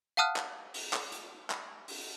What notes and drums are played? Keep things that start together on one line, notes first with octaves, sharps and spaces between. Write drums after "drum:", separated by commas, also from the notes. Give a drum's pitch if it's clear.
F5 F#5 A5 D#6 F6 F#6
drum: clap
drum: open hi-hat
drum: clap
drum: hi-hat
drum: clap
drum: open hi-hat